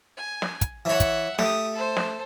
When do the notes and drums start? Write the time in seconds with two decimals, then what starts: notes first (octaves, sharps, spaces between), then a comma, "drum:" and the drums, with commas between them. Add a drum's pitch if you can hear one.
0.17 G#5
0.42 drum: snare
0.61 drum: kick, hi-hat
0.85 E3 C#5 E5 F#5
1.00 drum: kick, hi-hat
1.39 A3 G4 D#6, drum: snare
1.74 A4 C5
1.97 drum: snare